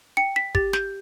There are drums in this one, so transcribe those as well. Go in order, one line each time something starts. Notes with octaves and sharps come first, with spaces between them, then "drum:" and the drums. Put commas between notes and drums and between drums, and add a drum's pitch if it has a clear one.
G5 C#7
B6
G4 A6, drum: kick
G6, drum: snare